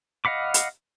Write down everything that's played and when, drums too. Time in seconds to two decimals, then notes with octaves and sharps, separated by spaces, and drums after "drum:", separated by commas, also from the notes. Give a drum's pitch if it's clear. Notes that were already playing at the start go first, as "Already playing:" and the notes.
0.25 D#5 F5 F#5 B5 D6
0.54 drum: hi-hat